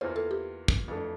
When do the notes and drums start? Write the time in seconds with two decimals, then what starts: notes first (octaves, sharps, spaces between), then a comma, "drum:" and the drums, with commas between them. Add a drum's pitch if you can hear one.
0.01 E2 E3 A#3 F4 C5
0.16 A4
0.31 G4
0.68 drum: kick
0.88 F2 E3 A3 D4